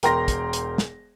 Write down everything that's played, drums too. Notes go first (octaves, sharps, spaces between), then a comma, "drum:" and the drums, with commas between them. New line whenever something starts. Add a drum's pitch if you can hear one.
E1 A#4 G5 A#5 C6 A#6, drum: hi-hat
drum: kick, hi-hat
drum: hi-hat
drum: snare